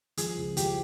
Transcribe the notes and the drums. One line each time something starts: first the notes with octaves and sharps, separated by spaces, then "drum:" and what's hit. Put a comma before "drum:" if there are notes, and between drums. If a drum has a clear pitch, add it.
F3 G#4, drum: hi-hat
C#2
F3 G4, drum: hi-hat